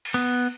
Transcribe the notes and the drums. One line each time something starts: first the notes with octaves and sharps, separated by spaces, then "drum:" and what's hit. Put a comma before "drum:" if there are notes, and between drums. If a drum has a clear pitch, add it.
drum: cymbal
B3